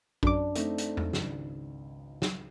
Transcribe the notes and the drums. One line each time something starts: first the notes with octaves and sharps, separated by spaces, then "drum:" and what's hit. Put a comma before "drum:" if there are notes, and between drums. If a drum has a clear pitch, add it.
F#2 D4 D6, drum: kick A1
A3 C4 D#4, drum: hi-hat
drum: hi-hat
drum: tom
G#1 C#2, drum: snare
drum: snare